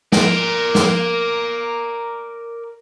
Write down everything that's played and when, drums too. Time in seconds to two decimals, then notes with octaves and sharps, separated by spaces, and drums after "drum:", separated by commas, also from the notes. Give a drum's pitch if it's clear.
0.12 A#4 D5, drum: snare
0.75 drum: snare